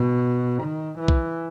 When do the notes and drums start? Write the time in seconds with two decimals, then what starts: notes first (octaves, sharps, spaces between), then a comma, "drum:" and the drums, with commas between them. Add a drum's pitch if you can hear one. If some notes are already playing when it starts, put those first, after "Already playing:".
Already playing: B2
0.63 D#3
0.99 E3
1.08 drum: kick B1